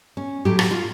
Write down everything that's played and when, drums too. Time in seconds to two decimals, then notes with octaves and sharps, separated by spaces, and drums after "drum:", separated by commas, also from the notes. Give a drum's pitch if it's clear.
0.17 C#4
0.45 A2 F#3 A3 G4
0.59 F#4, drum: rim click
0.71 F4